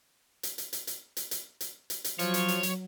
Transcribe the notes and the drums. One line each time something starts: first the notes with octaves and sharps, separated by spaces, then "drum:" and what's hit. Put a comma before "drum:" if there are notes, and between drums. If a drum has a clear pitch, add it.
drum: hi-hat
drum: hi-hat
drum: hi-hat
drum: hi-hat
drum: hi-hat
drum: hi-hat
drum: hi-hat
drum: hi-hat
drum: hi-hat
F3 F#3 C#5, drum: hi-hat
drum: hi-hat
drum: hi-hat
drum: hi-hat